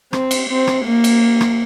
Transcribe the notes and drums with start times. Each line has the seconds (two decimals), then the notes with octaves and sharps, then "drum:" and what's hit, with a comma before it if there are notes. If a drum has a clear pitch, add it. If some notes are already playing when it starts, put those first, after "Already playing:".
0.13 C4, drum: rim click
0.31 drum: cymbal
0.50 C4
0.67 drum: rim click
0.85 A#3
1.04 drum: cymbal
1.41 drum: rim click